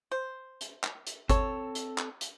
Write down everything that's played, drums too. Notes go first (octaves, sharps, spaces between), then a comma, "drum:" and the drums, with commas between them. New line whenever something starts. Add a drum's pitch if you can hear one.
C5
drum: hi-hat
drum: clap
drum: hi-hat
C4 A4 C#5 A5, drum: kick G1, hi-hat
drum: hi-hat
drum: clap
drum: hi-hat